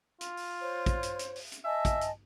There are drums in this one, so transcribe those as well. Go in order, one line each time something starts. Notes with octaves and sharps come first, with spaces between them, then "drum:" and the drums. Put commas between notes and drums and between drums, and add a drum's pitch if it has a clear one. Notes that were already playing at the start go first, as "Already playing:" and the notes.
F4, drum: hi-hat
drum: open hi-hat
C5 C#5
drum: kick, hi-hat
drum: hi-hat
drum: hi-hat
drum: open hi-hat
drum: hi-hat
D#5 E5 G#5 A5
drum: kick, hi-hat
drum: hi-hat